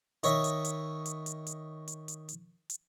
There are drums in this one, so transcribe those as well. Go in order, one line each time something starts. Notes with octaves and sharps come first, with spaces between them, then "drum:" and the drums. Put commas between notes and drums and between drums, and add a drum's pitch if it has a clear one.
D#3 C#5 D#5 E5, drum: hi-hat
drum: hi-hat
drum: hi-hat
drum: hi-hat
drum: hi-hat
drum: hi-hat
drum: hi-hat
drum: hi-hat
drum: hi-hat
drum: hi-hat